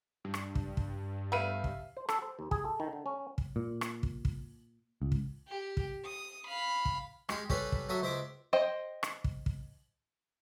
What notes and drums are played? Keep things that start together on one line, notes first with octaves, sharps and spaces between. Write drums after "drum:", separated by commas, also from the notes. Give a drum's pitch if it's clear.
G2
drum: rim click
drum: kick
drum: kick
A3 B3 B4 E5 F5 D#7
drum: kick
C5
A4, drum: rim click
C5
D#2
G#4, drum: kick
A4
D#3
D3
C#4
drum: kick
A#2
drum: rim click
drum: kick
drum: kick
C#2
drum: kick
G4
drum: kick
D#6
F5 B5
drum: kick
G#3 G4 F5, drum: rim click
G3 C#4 G4 A4 B4 F5, drum: kick
drum: kick
F#3 A4 E5 D#6
C#2 C5 E5 D6
C5 D#5 G5
drum: rim click
drum: kick
drum: kick